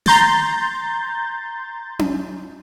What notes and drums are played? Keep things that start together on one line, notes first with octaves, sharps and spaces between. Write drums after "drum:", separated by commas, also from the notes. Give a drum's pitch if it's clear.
A#5 C6 G6 A6, drum: snare
drum: tom C#4